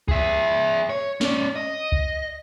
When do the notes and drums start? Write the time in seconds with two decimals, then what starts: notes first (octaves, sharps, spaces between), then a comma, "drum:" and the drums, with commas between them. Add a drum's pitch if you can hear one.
0.08 G#4 E5, drum: kick C#2
0.89 C#5
1.21 C#4 D5, drum: snare
1.56 D#5
1.92 drum: kick C#2